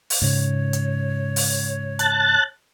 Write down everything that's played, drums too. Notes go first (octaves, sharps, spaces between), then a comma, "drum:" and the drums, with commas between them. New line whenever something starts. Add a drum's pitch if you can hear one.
drum: open hi-hat
G#2 C#3 C#5
drum: hi-hat
drum: open hi-hat
A5 F#6 A6, drum: hi-hat